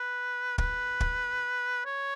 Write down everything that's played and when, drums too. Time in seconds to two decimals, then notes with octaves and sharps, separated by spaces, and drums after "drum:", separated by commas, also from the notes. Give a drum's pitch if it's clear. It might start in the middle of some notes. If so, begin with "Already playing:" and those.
Already playing: B4
0.58 B4, drum: kick
1.00 drum: kick
1.86 C#5